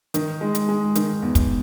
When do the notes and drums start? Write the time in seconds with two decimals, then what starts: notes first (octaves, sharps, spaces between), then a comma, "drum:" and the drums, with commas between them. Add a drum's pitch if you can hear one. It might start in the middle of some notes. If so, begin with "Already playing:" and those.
0.14 D#3, drum: hi-hat
0.41 G#3
0.55 drum: hi-hat
0.69 G#3
0.95 D#3, drum: hi-hat
1.22 E2
1.35 drum: kick, hi-hat